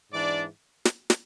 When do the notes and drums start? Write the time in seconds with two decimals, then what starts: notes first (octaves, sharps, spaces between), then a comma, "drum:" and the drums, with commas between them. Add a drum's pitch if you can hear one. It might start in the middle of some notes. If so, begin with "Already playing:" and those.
0.12 G#2 E3 D4 D5
0.85 drum: snare
1.10 drum: snare